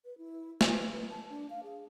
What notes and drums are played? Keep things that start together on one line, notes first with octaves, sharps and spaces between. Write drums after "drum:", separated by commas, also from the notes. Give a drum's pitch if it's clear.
B4
E4
B4, drum: snare
B4
A5
D4
F5
G#4